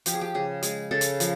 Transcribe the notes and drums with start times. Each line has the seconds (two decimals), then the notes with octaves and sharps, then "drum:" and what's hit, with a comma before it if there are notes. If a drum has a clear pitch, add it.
0.06 F3 G4, drum: hi-hat
0.13 G#4
0.21 G4
0.34 C#3 G#4
0.63 G#3 G#4, drum: hi-hat
0.91 C#3 A4
1.01 drum: hi-hat
1.20 F3, drum: hi-hat